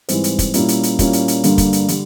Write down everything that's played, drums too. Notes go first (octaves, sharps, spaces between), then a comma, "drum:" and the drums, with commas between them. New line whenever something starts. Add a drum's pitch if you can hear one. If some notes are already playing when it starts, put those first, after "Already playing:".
G#2 E3 G3 C4, drum: hi-hat
drum: hi-hat
drum: kick, hi-hat
A#2 G3 A#3 C#4 E4, drum: hi-hat
drum: hi-hat
drum: hi-hat
A#2 G3 A#3 C#4 E4, drum: kick, hi-hat
drum: hi-hat
drum: hi-hat
G2 D3 G3 A#3, drum: hi-hat
drum: kick, hi-hat
drum: hi-hat
D3 G3, drum: hi-hat